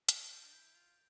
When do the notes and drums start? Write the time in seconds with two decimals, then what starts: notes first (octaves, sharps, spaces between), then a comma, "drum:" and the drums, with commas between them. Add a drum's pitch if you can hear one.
0.09 E4 D7, drum: hi-hat
0.30 F4 G6
0.45 D4
0.53 E4 G6
0.75 F4 F7